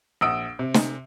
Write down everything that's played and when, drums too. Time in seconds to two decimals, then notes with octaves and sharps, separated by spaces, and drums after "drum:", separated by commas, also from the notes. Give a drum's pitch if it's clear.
0.21 A#1 F#5 D#6 E6 D7
0.59 C3
0.74 drum: snare